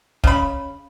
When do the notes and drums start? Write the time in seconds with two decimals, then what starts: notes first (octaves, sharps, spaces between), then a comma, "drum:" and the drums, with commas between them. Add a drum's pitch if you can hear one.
0.24 C#3 B5, drum: kick